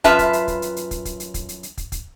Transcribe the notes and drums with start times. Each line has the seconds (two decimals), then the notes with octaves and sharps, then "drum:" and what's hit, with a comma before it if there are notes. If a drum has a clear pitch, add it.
0.04 F#2 F4 B4 E5 A5, drum: kick, hi-hat
0.19 drum: kick, hi-hat
0.33 drum: hi-hat
0.48 drum: kick, hi-hat
0.62 drum: hi-hat
0.76 drum: hi-hat
0.91 drum: kick, hi-hat
1.05 drum: kick, hi-hat
1.20 drum: hi-hat
1.34 drum: kick, hi-hat
1.49 drum: hi-hat
1.63 drum: hi-hat
1.77 drum: kick, hi-hat
1.92 drum: kick, hi-hat